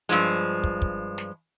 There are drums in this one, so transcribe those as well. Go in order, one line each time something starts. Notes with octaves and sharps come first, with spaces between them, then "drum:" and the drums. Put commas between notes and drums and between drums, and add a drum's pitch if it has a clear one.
G2 F3 G#3
drum: kick
drum: kick
drum: snare